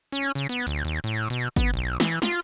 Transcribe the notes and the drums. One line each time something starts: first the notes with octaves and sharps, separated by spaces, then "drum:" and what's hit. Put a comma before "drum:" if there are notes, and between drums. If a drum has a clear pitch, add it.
C#4
C#3
B3
D2, drum: hi-hat
D#2
A2
B2
B3, drum: kick, hi-hat
B1
E3, drum: snare
F4, drum: snare